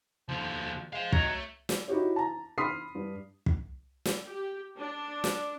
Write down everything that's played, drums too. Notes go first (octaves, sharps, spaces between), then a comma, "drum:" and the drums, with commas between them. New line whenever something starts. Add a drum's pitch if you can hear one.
D#2 D3 F3
G#3 C5 F5
F#3 A#4 D#5, drum: kick
A3
drum: snare
D#4 E4 F#4 G4 C#5
A5 A#5
B5 C6 D#6 F6 B6 C7
G2
drum: kick
drum: snare
G4
D4
drum: snare